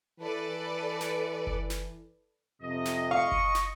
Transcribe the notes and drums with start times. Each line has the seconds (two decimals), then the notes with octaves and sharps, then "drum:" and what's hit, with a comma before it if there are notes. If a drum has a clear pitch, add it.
0.20 E3 A4 B4 D5
1.01 drum: snare
1.47 drum: kick F#1
1.70 drum: snare
2.62 F2 C3 D#5
2.85 drum: snare
3.11 F5 C#6
3.32 drum: kick F#1
3.55 drum: snare